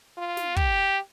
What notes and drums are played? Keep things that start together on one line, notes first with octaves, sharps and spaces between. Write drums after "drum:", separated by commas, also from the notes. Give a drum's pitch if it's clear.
F4
drum: snare
G4, drum: kick